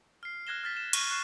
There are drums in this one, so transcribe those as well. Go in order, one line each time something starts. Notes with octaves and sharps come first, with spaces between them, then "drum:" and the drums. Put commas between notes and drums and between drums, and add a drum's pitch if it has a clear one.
F6 C7
F6 F#6 G#6 A#6 E7 G7
F6 A6 B6
E7
C#6 F#6, drum: cymbal
C#6 F#6 C7 E7